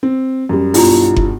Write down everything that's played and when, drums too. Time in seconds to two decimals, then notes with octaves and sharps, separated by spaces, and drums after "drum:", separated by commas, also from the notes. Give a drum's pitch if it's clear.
0.03 C4
0.49 F#2 G3
0.74 B1 G2 E4 F4 A#5, drum: open hi-hat
1.16 drum: kick